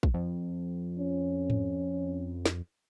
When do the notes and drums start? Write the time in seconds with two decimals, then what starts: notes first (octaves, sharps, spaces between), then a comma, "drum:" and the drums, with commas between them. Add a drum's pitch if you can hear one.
0.03 drum: kick
0.14 F2
0.99 C#4
1.50 drum: tom G#2
2.46 drum: snare